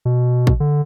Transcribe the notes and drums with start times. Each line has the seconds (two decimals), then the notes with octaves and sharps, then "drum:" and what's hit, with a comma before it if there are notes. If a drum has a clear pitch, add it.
0.05 B2
0.47 drum: kick
0.60 D3